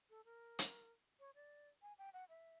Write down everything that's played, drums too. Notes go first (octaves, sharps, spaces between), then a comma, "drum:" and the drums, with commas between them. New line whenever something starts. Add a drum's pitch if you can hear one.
A4
A#4
drum: hi-hat
C#5
D5
G#5
G5
F#5
E5